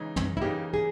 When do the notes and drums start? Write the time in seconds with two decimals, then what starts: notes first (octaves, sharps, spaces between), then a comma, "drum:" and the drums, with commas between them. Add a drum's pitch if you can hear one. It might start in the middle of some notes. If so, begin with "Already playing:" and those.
Already playing: C#3 E3 G#3 D#4
0.16 drum: tom
0.37 E4
0.41 C#3 E3 A#3 D#4 G4
0.74 G#4